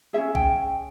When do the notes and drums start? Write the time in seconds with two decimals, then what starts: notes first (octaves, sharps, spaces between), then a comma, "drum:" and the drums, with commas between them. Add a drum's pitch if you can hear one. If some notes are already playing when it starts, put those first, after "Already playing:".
0.13 C#4 E4 G#4 E5
0.35 G5, drum: kick